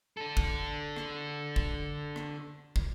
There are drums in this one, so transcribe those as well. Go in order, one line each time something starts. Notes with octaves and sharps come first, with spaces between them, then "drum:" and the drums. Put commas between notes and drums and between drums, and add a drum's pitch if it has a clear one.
D4 A4
drum: kick
drum: rim click
drum: kick
drum: rim click
drum: kick